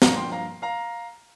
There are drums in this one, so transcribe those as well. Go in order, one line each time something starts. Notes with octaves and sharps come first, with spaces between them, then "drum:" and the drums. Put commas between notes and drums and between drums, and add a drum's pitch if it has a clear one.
G2 F3 A#3 F5 A#5, drum: snare
G5 C6
F5 A#5
F5 A#5